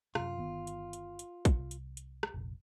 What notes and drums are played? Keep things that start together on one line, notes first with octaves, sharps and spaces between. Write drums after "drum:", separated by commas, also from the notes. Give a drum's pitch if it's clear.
F#2 C3 F4, drum: rim click
G1 D#3 B3
drum: hi-hat
drum: hi-hat
drum: hi-hat
drum: kick, hi-hat
C2
drum: hi-hat
drum: hi-hat
drum: rim click
F1 A#1